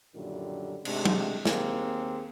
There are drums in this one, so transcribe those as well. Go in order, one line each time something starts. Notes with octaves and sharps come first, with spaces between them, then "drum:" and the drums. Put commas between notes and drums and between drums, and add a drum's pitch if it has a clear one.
F#2 A#2 D3 D#3 G3
G#2 C3 G#3 A3 D4, drum: cymbal
drum: tom
D#2 A#3 C4 G#4, drum: snare